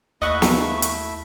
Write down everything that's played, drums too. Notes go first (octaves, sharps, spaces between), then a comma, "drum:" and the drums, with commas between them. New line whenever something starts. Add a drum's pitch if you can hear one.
D#2 A3 E4 D#5 E5 F#5 C#6
drum: snare
drum: hi-hat